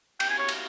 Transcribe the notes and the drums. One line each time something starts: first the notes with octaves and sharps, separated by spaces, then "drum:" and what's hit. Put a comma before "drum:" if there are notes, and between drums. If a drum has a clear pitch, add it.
G5, drum: cymbal
G#5
C#5
drum: cymbal